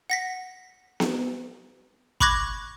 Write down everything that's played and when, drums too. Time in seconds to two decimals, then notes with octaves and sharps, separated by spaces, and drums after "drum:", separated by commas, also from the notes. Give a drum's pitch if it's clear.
0.10 F#5 A#6 B6
1.00 drum: snare B3
2.20 B5 C#6 D6 F#6 G#6 A#6, drum: kick